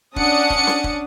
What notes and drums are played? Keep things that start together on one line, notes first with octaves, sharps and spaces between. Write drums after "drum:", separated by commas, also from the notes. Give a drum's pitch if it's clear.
C#4 D4 F#5 A5 D#6 C#7, drum: kick
drum: kick
drum: snare C#4
drum: kick